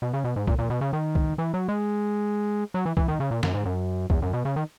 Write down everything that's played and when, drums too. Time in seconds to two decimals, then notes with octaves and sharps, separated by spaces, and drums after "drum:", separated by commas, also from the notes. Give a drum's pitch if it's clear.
0.02 B2
0.13 C#3
0.24 B2
0.36 G#2
0.47 A#2, drum: kick
0.59 A#2
0.70 B2
0.81 C#3
0.93 D#3
1.15 drum: kick
1.38 E3
1.54 F#3
1.68 G#3
2.74 F#3
2.85 E3
2.97 E3, drum: kick
3.08 D#3
3.20 C#3
3.31 A#2
3.43 F#2, drum: snare
3.54 G#2
3.65 F#2
4.10 E2, drum: kick
4.22 F#2
4.33 B2
4.45 C#3
4.56 D#3